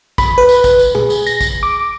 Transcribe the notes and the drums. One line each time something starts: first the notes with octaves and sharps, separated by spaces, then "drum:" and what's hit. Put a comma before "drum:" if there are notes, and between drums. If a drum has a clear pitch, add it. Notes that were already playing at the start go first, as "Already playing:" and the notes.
B5, drum: kick, tambourine
B4
drum: tambourine
drum: kick, tambourine
drum: tambourine
G#4, drum: tom
drum: tambourine
A#6, drum: tambourine
drum: kick, tambourine
D6